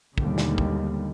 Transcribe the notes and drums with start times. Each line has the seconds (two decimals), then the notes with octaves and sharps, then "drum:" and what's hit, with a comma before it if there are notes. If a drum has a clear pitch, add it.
0.18 D#2 B2 D3 D#3 G3 G#3, drum: kick
0.38 drum: snare
0.58 drum: kick